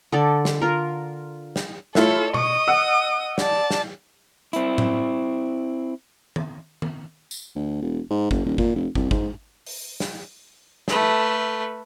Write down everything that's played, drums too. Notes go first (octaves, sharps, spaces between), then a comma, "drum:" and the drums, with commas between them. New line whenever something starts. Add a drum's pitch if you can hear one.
D3 A4 D5
drum: snare
F4 A#4
drum: snare
A3 E4 F4 A4 C#5, drum: snare
D#5 C#6 D#6, drum: tom B2
F#5 E6
D5 A5, drum: snare
drum: snare
C4 E4, drum: hi-hat
drum: tom A2
drum: tom D#3
drum: tom D#3
drum: tambourine
D2
E1
G#2
F#1, drum: kick
D#1
A#2, drum: kick
F1
C2, drum: kick
G#2, drum: kick
drum: open hi-hat
drum: snare
A3 B4, drum: snare